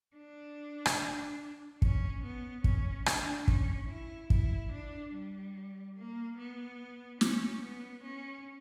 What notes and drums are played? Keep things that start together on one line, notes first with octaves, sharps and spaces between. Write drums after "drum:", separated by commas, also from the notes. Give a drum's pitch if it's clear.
D4
drum: rim click
C#4, drum: kick
B3
C#4, drum: kick
D4, drum: rim click
C#4, drum: kick
E4
E4, drum: kick
D4
G3
A#3
B3
C#4, drum: snare
B3
C#4